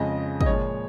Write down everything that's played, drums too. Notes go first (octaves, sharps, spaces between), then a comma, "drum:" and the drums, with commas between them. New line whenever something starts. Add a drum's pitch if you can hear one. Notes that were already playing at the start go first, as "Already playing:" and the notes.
Already playing: F2 C#3 G#3 D#5
D#5, drum: kick
A#2 F3 G#3 C#5